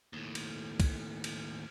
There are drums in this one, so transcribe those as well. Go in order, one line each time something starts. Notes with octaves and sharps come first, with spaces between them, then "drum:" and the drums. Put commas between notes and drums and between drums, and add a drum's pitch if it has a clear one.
D#2 A2
drum: cymbal
drum: kick, cymbal
drum: cymbal